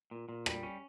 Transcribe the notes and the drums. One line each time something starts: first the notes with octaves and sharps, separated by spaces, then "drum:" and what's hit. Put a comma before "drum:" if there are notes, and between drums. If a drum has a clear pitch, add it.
A#2
A#2
G3, drum: rim click
C#4